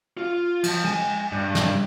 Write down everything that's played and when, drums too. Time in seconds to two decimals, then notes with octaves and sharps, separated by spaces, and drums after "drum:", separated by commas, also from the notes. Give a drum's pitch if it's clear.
0.17 F4
0.63 F3, drum: cymbal
0.85 G#3 G#5
1.32 G2
1.55 drum: snare